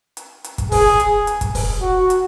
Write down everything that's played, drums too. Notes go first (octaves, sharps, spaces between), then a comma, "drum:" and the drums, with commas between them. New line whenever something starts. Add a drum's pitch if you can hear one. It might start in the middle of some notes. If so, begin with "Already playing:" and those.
drum: hi-hat
drum: hi-hat
drum: kick, hi-hat
G#4, drum: kick, open hi-hat
drum: hi-hat
drum: hi-hat
drum: kick, hi-hat
drum: kick, open hi-hat
F#4
drum: hi-hat